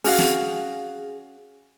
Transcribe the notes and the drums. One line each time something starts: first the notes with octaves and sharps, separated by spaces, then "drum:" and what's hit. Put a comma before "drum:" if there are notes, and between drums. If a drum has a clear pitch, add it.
C#4 F#4 G#4 F5, drum: open hi-hat
drum: snare